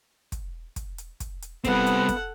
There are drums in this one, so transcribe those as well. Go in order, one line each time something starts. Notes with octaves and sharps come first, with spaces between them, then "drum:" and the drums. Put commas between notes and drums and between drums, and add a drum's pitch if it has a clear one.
drum: kick, hi-hat
drum: kick, hi-hat
drum: hi-hat
drum: kick, hi-hat
drum: hi-hat
G3 B3 C4 A4 F#5, drum: kick, hi-hat
drum: hi-hat
drum: kick, hi-hat